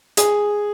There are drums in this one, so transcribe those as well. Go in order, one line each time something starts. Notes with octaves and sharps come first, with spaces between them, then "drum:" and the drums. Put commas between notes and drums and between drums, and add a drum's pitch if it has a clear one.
G#4, drum: hi-hat